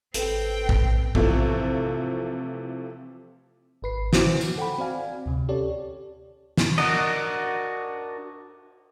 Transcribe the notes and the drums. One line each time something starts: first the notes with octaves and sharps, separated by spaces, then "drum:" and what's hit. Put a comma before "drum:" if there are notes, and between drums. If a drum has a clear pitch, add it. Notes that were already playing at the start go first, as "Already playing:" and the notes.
G#1 C4 A4 B4 G5, drum: hi-hat
drum: kick A#1
C3 E3 F3 A3 C4 F4, drum: kick A#1
G#1 B4 C7
E4 F#4 C5 G#5 D6, drum: snare
drum: tambourine
A4 F#5 G5 B5
C4 F#4 D5 F5 G#5
D2 C3
C#4 G4 A4 C#5 D5
drum: snare
D4 F#4 A#4 D#5, drum: cymbal